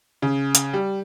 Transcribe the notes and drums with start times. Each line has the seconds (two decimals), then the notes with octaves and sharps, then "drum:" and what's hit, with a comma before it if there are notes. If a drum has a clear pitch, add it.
0.22 C#3
0.55 drum: hi-hat
0.73 G3